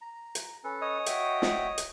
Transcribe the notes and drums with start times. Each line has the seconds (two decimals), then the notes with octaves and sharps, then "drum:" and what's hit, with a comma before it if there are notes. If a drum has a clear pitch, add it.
0.01 A#5
0.35 drum: hi-hat
0.64 C#4 A4 B4
0.82 C#5 D#5
1.06 F#4 E5 G5, drum: hi-hat
1.42 drum: snare
1.78 drum: hi-hat